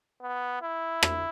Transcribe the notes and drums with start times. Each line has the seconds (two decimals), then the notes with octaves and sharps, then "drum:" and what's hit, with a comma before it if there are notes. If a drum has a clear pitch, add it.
0.22 B3
0.62 E4
1.03 drum: rim click